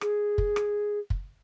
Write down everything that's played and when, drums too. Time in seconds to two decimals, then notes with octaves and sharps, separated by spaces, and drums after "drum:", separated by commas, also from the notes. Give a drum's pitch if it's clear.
0.01 G#4, drum: rim click
0.38 drum: kick
0.56 drum: rim click
1.10 drum: kick